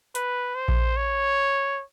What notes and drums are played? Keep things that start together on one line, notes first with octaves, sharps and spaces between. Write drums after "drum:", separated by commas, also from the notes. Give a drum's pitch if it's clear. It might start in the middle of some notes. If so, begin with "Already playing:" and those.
B4, drum: hi-hat
C5
drum: kick A#1
C#5